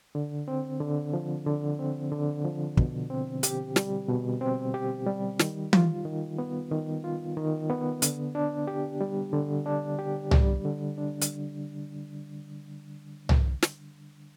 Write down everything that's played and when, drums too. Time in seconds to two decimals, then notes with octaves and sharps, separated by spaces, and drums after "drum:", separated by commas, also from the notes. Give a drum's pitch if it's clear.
0.15 D3
0.48 C4
0.81 D3
1.13 F3
1.46 D3
1.79 C4
2.12 D3
2.44 F3
2.77 B2, drum: kick
3.10 C4
3.43 G4, drum: hi-hat
3.76 G3, drum: snare
4.09 B2
4.41 C4
4.74 G4
5.06 G3
5.39 D#3, drum: snare
5.73 F4, drum: tom E3
6.05 D#3
6.38 B3
6.71 D#3
7.04 F4
7.37 D#3
7.70 B3
8.02 D3, drum: hi-hat
8.35 D4
8.67 G4
9.01 G3
9.33 D3
9.66 D4
9.99 G4
10.31 G3, drum: tom C2
10.65 D3
10.98 D4
11.22 drum: hi-hat
13.29 drum: tom C2
13.62 drum: snare